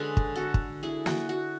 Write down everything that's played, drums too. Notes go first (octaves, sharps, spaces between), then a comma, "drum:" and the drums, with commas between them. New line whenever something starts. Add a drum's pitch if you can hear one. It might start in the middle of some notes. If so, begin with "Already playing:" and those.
Already playing: D3 G#3 C#4 G#4 B4
drum: kick
F#4 A4
drum: kick
E4 G#4
F#4, drum: snare
F#4